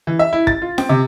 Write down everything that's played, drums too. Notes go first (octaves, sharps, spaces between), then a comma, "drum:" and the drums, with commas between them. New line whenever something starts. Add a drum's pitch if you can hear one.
E3
E5
E4
A6, drum: kick
F4
C4, drum: snare
C3